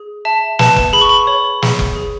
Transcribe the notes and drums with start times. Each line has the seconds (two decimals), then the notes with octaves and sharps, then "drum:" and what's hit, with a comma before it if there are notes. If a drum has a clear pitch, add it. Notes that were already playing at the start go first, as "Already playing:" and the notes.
Already playing: G#4
0.25 E5 A5
0.59 B4 A5, drum: snare
0.76 drum: kick F#1
0.93 G#4 B5
1.01 C#6
1.09 B5
1.27 C#5
1.62 G#4, drum: snare
1.79 drum: kick F#1
1.96 G#4